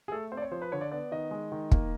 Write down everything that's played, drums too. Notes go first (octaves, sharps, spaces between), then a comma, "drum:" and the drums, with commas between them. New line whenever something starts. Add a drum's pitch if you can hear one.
G#4
A3 A4
C4 C5
D5
C#5
F3 C5
B4
D3 C#5
D5
B3 D5
D#3 D#5
G#3
D#3
A#3, drum: kick